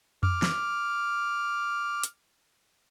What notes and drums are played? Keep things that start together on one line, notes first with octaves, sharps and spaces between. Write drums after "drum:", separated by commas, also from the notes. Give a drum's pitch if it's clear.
D6 F6, drum: tom F2
drum: snare
drum: hi-hat